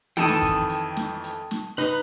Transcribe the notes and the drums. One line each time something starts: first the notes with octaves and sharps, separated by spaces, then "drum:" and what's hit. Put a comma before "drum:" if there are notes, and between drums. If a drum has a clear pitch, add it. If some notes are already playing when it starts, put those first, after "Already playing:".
F2 D#3 E3 A4 G5 A5 D#6, drum: hi-hat
drum: snare
drum: kick, hi-hat
drum: hi-hat
drum: snare
drum: hi-hat
drum: snare
D#4 B4, drum: hi-hat